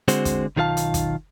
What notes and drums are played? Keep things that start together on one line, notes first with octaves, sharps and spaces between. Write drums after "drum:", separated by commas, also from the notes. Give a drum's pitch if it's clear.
D3 G#3 C4 F#4 C5, drum: hi-hat
drum: kick, hi-hat
B1 D#3 F4 A4 F5 A5
drum: hi-hat
drum: kick, hi-hat